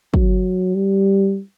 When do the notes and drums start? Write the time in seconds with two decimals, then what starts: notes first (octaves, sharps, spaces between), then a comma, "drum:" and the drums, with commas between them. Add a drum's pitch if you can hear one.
0.14 F#3, drum: kick
0.75 G3